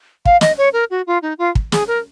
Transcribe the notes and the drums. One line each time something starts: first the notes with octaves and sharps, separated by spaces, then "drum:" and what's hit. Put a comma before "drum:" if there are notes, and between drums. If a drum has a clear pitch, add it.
F5, drum: kick
D#5, drum: snare
C#5
A#4
F#4
F4
D#4
F4
drum: kick
G#4, drum: snare
A#4